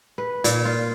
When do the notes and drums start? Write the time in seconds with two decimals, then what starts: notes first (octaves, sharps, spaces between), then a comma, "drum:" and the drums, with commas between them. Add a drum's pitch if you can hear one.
0.18 B4
0.44 A#2, drum: hi-hat
0.65 F4